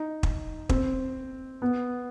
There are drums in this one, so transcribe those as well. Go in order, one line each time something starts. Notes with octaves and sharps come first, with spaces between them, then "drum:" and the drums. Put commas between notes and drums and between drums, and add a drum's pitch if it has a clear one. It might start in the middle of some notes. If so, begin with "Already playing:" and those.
Already playing: D#4
drum: kick
C4, drum: kick
B3